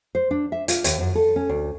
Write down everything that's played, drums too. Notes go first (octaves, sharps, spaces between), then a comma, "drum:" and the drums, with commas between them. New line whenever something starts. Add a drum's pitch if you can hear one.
C5
D4
E5
F4, drum: hi-hat
D#2, drum: hi-hat
F#2
A4
C#4
D2